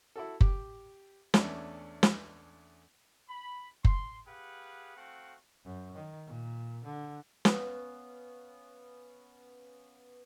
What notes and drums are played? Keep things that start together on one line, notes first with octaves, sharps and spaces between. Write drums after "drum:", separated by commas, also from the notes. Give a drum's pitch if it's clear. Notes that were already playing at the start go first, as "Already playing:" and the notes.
E4 F#4 A4
G4, drum: kick F#1
E2 A3 C#4 D4, drum: snare
drum: snare
B5
C6, drum: kick F#1
G4 G#4 B4 F5 F#5
A3 C4 F#4 F5 F#5
F#2
D#3
A#2
D3
B3 C#4 F5, drum: snare